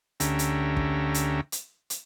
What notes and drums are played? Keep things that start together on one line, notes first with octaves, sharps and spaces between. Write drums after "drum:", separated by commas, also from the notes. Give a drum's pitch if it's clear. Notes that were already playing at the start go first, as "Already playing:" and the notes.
D2 D3 C#4 G4 E5 A#5, drum: hi-hat
drum: hi-hat
drum: kick
drum: hi-hat
drum: hi-hat
drum: hi-hat